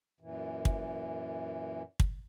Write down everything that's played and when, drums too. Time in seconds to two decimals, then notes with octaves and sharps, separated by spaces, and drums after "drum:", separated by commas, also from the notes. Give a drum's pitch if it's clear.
0.20 F#2 A#2 E3
0.65 drum: kick
2.00 drum: kick